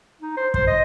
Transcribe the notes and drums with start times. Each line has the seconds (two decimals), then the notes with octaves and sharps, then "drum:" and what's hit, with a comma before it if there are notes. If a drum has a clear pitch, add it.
0.21 D#4
0.37 C5
0.54 C5, drum: kick
0.67 D#5